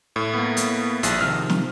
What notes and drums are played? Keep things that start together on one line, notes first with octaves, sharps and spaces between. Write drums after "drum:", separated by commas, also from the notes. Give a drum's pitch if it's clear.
A2
A#3 B3
drum: hi-hat
A#1 G3 F4 G#4, drum: hi-hat
C3 D#3 F3 F6
drum: snare